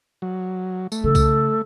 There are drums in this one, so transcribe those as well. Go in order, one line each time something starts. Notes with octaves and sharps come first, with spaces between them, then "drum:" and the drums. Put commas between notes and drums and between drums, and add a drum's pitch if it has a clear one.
F#3
A3, drum: tambourine
C#3 G#3 A4
drum: kick C2, tambourine